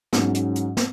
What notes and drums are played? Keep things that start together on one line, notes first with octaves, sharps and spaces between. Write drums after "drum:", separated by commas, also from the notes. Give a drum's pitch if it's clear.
G#2 F#3 C#4, drum: snare
drum: hi-hat
drum: hi-hat
drum: snare